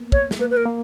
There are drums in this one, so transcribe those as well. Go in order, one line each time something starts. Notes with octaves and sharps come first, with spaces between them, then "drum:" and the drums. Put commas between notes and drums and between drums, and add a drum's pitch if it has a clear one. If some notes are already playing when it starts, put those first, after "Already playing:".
Already playing: A#3 B3
C#5, drum: kick
G#3, drum: snare
A#3 B4
B4
A#4
A#3